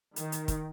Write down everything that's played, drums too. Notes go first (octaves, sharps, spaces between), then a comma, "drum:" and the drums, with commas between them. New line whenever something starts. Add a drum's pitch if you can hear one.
D#3, drum: hi-hat
drum: hi-hat
drum: kick, hi-hat